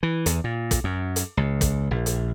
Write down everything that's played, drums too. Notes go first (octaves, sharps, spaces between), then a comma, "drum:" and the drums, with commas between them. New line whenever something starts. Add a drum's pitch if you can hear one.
E3
E2, drum: hi-hat
A#2
drum: kick, hi-hat
F#2
drum: hi-hat
C#2
drum: kick, hi-hat
A#1
drum: hi-hat